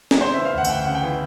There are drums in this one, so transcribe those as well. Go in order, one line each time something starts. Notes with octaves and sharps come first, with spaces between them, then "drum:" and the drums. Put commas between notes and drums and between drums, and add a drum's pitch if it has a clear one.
drum: snare
C#3 C5
E3 E5
F5
D2 F#5
F#5, drum: tambourine
D2 G5
C#3 F#5
G5
E3